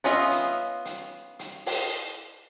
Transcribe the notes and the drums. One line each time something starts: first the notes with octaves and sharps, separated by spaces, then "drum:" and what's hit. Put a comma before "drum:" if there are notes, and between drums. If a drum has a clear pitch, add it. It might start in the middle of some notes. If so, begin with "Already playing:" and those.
B3 C#4 F4 D#5 E5
drum: hi-hat
drum: hi-hat
drum: hi-hat
drum: open hi-hat